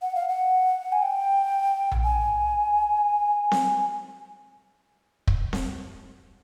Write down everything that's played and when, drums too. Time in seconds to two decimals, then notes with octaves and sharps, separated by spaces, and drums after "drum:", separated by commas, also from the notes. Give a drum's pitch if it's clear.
0.02 F#5
0.15 F5
0.28 F#5
0.92 G#5
1.03 G5
1.92 drum: tom A#1
2.04 G#5
3.52 drum: snare C4
5.27 drum: kick
5.53 drum: snare C4